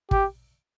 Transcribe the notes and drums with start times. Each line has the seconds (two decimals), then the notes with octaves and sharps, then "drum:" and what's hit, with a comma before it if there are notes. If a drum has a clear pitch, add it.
0.11 G4, drum: kick